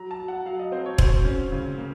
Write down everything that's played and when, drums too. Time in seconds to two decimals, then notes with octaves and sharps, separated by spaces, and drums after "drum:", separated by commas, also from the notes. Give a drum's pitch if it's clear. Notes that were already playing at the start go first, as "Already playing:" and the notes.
Already playing: F#3 A#5
0.11 A5
0.20 F#3
0.28 F#5
0.46 F#3 F5
0.59 D#5
0.72 C4 C5
0.86 C#5
0.98 F#3 C5, drum: kick E1
1.25 C#4
1.52 C#3
1.77 A#3